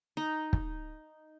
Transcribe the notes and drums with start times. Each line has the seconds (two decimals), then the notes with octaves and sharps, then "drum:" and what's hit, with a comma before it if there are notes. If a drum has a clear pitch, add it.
0.17 D#4
0.53 drum: kick